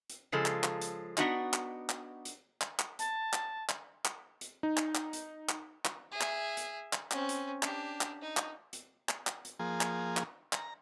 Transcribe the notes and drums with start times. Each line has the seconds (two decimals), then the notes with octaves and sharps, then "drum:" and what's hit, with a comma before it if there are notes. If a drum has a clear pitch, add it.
0.10 drum: hi-hat
0.32 C#3 F3 G#3 A4
0.46 drum: clap
0.64 drum: clap
0.81 drum: hi-hat
1.17 B3 D4 D#4 F#4 D#5, drum: clap
1.53 drum: clap
1.89 drum: clap
2.25 drum: hi-hat
2.61 drum: clap
2.79 drum: clap
2.99 A5, drum: hi-hat
3.33 drum: clap
3.69 drum: clap
4.05 drum: clap
4.41 drum: hi-hat
4.63 D#4
4.77 drum: clap
4.95 drum: clap
5.13 drum: hi-hat
5.49 drum: clap
5.85 drum: clap
6.11 G#4 E5
6.21 drum: clap
6.57 drum: hi-hat
6.93 drum: clap
7.11 C4 C#4, drum: clap
7.29 drum: hi-hat
7.63 D4 G4, drum: clap
8.01 drum: clap
8.22 D#4
8.37 drum: clap
8.73 drum: hi-hat
9.09 drum: clap
9.27 drum: clap
9.45 drum: hi-hat
9.59 F3 A#3 G#4
9.81 drum: clap
10.17 drum: clap
10.53 A#5, drum: clap